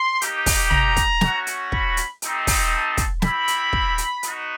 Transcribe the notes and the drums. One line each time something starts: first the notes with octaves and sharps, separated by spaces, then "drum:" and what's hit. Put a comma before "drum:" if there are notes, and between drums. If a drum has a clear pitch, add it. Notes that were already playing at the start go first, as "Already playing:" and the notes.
Already playing: C6
A#3 D#4 G4, drum: hi-hat
drum: kick, open hi-hat
A#5, drum: tom
drum: kick, hi-hat
A3 C#4 F#4, drum: snare
drum: hi-hat
B5, drum: kick
drum: hi-hat
A3 C4 D#4 G4, drum: hi-hat
drum: kick, open hi-hat
A5
drum: kick, hi-hat
C4 E4 G4 B5, drum: snare
drum: hi-hat
drum: kick
drum: hi-hat
B3 D#4 F#4, drum: hi-hat